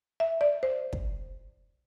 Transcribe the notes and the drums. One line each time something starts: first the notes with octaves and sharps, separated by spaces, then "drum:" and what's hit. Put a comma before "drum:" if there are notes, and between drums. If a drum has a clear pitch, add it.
E5
D5
C5
drum: kick